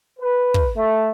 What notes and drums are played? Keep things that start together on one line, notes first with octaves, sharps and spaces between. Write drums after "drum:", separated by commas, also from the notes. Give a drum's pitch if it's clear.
B4
drum: kick
A3